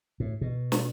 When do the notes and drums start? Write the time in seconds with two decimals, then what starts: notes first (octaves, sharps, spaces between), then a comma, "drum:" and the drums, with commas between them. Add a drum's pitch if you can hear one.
0.20 A2
0.41 B2
0.72 drum: snare